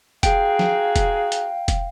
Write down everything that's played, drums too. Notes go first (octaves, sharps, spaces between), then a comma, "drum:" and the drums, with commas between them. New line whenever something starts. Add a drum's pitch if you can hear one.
D#4 F#4 G#4 F5 G5, drum: kick F1, hi-hat
drum: snare
drum: kick F1, hi-hat
drum: hi-hat
drum: kick F1, hi-hat